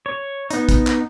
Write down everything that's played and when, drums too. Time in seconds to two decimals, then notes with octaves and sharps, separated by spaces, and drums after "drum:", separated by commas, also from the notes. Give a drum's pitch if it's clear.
0.06 C#5
0.51 B3 D#4, drum: hi-hat
0.69 drum: kick, hi-hat
0.87 drum: clap